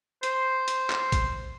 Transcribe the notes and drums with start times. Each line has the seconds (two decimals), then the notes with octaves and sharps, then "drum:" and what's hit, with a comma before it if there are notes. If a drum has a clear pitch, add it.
0.23 C5, drum: hi-hat
0.68 drum: hi-hat
0.90 drum: clap
1.12 drum: kick A1, hi-hat